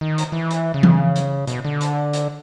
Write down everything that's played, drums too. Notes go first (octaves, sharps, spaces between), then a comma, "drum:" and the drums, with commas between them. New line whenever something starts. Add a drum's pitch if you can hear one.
D#3
drum: hi-hat
E3
drum: hi-hat
C#3
drum: tom E3
drum: hi-hat
B2, drum: hi-hat
D3
drum: hi-hat
drum: hi-hat